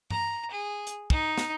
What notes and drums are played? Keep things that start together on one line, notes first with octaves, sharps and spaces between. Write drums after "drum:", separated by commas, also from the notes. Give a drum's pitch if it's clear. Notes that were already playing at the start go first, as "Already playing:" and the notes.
A#5, drum: tom G2
G#4
drum: hi-hat
D#4, drum: kick
drum: snare